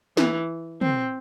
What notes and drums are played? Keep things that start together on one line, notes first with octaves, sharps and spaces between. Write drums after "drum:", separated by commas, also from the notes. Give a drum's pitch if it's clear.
E3, drum: snare
C4, drum: tom